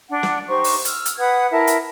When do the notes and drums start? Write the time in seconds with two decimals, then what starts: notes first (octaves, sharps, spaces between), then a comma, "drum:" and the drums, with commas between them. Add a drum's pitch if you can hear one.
0.08 D4 F#5
0.23 drum: snare
0.48 D#4 G4 C5 C#6
0.64 drum: open hi-hat
0.85 E6 F6, drum: hi-hat
1.05 drum: hi-hat
1.18 B4 F#5 D#6 G#6
1.51 E4 A#4 E5 A5
1.67 drum: hi-hat